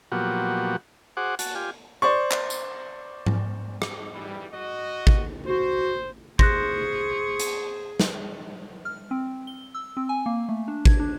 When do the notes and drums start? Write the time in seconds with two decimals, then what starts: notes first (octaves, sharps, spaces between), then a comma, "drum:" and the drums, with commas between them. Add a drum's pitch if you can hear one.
0.12 A#2 F3 F#3 B3 F#4 G4
1.17 F#4 G#4 C5 F#5 D6
1.39 F#4 A5, drum: hi-hat
1.55 F4 G4 G#5
2.02 C5 D5 C#6
2.31 drum: clap
2.50 drum: tambourine
3.26 drum: tom G#2
3.82 drum: rim click
4.14 E3 G3
4.53 F#4 D#5
5.07 drum: kick G#1
5.46 F#4 C5
6.39 G#4 C5 C#6 F#6 A#6, drum: kick G#1
7.40 drum: hi-hat
8.00 drum: snare
8.85 F6
9.11 C4
9.47 G7
9.74 E6
9.97 C4
10.09 G#5
10.26 A#3
10.49 A3
10.68 D4
10.85 G#6, drum: kick G#1
10.99 D4